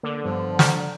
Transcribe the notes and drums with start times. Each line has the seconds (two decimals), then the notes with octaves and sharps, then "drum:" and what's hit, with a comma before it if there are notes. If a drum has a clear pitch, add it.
0.03 D3 A#3 D6
0.24 G2 F3 B3
0.59 D5 A#5, drum: snare